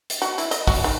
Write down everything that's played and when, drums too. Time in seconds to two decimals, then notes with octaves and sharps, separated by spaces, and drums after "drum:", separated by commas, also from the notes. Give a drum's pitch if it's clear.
0.10 drum: hi-hat
0.22 F#4, drum: hi-hat
0.38 E4, drum: hi-hat
0.51 D#5, drum: hi-hat
0.67 F#4, drum: kick, open hi-hat
0.84 D#4